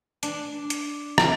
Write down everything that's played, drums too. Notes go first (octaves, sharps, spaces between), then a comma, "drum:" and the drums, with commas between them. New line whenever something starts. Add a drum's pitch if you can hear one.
D4, drum: hi-hat
drum: hi-hat
drum: rim click